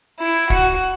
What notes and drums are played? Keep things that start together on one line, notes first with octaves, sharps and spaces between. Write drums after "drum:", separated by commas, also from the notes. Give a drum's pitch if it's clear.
E4
F#4, drum: kick